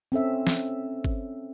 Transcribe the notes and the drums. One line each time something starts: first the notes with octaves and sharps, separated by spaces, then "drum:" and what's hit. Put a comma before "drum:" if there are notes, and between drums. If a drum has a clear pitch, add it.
C4 C#4 A4 E5
drum: snare
drum: kick